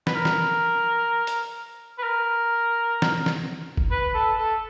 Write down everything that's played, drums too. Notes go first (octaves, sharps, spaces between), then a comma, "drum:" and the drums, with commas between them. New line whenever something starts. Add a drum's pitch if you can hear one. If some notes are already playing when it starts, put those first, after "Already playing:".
B4, drum: snare
A#4
drum: snare
drum: hi-hat
B4
A#4
drum: snare
drum: snare
drum: kick G1
B4
A4
A4